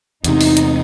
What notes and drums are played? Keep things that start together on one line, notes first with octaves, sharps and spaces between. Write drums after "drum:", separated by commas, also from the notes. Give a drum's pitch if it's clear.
E2 C3 D#4, drum: hi-hat
drum: open hi-hat
drum: hi-hat